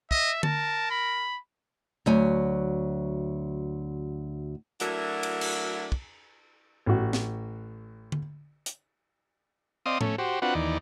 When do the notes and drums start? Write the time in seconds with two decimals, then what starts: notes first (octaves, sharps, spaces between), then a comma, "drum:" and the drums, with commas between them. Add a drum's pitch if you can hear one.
0.11 D#5 E5, drum: kick
0.43 A#4 A5, drum: tom D3
0.91 B5
2.06 D2 F#3 G#5
4.80 F#3 A3 D4 E4 F#4 A#4, drum: hi-hat
5.23 drum: cymbal
5.41 drum: cymbal
5.92 drum: kick
6.86 A1 F#4
7.13 drum: snare
8.12 drum: tom D3
8.66 drum: hi-hat
9.86 C4 D5 D#5 F5 C6 D#6
10.01 A3 C#4, drum: tom A2
10.18 F#4 G4 C5
10.42 C4 D4 F4 F#4 B4 F#5
10.55 D#2 E3 D#4 D5